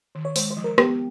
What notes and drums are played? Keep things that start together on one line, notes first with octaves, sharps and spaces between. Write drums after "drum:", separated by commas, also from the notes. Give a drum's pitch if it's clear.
D#3
C#5
G#3 C5, drum: open hi-hat
C5
F3
A#4
B3 G4, drum: rim click